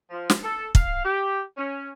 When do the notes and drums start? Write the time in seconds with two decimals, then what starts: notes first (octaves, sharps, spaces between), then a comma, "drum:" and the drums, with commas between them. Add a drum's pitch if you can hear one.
0.11 F3
0.30 drum: snare
0.42 A4
0.75 F5, drum: kick
1.04 G4
1.57 C#4